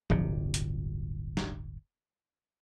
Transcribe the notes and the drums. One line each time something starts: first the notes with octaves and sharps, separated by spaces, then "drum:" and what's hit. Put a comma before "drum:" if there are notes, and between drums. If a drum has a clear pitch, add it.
D1 G1 C3, drum: tom F3
drum: hi-hat
drum: snare